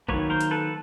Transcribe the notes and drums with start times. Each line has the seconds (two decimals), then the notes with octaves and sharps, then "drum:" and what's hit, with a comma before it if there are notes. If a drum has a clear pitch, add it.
0.09 D#3 F#3 A#3 B4 C#5, drum: kick G#1
0.30 A#4 C5
0.41 drum: hi-hat
0.51 A4 B4